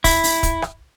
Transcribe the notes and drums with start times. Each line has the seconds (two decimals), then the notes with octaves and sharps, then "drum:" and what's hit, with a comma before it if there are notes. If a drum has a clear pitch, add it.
0.04 E4, drum: kick, open hi-hat
0.24 drum: open hi-hat
0.43 drum: kick, hi-hat
0.62 drum: rim click